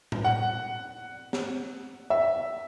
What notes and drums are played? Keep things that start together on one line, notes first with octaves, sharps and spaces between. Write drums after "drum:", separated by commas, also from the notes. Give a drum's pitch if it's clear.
drum: tom A2
F#5
drum: snare
E5